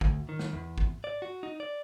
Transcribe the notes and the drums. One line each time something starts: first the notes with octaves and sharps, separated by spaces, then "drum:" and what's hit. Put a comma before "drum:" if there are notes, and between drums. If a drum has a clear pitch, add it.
D2, drum: kick
D#3
drum: snare
E2
drum: kick
D5
F#4
D#4
D5